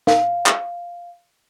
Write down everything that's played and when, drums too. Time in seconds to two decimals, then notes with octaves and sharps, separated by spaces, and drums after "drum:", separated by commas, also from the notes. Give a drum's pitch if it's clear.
0.07 F5, drum: snare
0.46 drum: clap